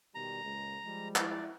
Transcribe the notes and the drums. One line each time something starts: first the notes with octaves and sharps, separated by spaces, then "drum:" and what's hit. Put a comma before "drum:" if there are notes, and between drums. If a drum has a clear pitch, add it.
B2 D#3 G3 A#5
C#2 A#2 G#3
F3 G3 G#3
E4 D5, drum: clap